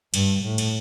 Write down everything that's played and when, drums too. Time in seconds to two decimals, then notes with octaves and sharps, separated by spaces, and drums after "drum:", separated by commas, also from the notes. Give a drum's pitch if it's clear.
0.14 G2, drum: cymbal
0.43 A2
0.58 drum: cymbal